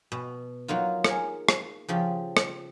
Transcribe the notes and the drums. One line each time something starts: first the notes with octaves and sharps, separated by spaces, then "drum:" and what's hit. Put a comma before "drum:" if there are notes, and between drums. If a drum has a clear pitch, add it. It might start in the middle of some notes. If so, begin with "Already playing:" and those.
B2
F#3 A#3 D#4 F4
G#4 A#4, drum: rim click
drum: rim click
C#3 F3 G4
drum: rim click